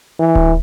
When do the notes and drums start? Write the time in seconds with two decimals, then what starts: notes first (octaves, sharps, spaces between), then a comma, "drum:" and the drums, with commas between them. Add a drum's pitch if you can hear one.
0.20 E3
0.35 drum: kick D1